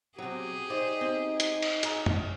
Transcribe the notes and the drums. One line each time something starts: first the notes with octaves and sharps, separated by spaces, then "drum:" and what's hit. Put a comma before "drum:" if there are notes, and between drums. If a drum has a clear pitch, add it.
C3 F#3 G4 G#4
D#4 C5 D5 D#5
C4
drum: hi-hat
drum: cymbal
G#4 D#5 A#5, drum: hi-hat
drum: tom